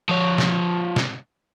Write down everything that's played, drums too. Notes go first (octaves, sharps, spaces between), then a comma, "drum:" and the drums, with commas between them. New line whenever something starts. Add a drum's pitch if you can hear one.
F3 C#5
drum: snare
drum: snare